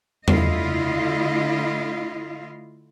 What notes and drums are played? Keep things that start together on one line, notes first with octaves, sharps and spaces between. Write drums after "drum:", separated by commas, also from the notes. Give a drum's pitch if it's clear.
D3 A3 E4 F4 D#5 F5, drum: tom E2